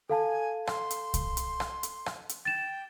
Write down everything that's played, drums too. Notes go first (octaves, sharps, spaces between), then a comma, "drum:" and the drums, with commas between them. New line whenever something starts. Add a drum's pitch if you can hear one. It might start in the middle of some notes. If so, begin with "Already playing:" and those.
A4 F5 G#5 A5
C6, drum: rim click
drum: hi-hat
drum: kick C2, hi-hat
drum: hi-hat
drum: rim click
drum: hi-hat
drum: rim click
drum: hi-hat
G5 A6 E7